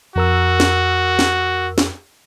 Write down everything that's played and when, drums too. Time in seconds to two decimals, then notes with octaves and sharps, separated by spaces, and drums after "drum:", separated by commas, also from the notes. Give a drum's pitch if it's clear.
0.16 F2 F#4 A#4 E6
0.60 drum: snare
1.19 drum: snare
1.78 drum: snare